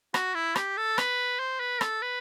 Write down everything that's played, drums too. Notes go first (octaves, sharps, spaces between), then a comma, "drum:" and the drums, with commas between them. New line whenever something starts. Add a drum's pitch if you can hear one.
F#4, drum: rim click
E4
G4, drum: rim click
A4
B4, drum: rim click
C5
B4
A4, drum: rim click
B4